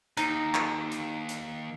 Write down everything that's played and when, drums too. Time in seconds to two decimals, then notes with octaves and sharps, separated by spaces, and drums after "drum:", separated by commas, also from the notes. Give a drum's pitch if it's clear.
0.17 D#2 D#4, drum: hi-hat
0.55 drum: clap
0.92 drum: hi-hat
1.29 drum: hi-hat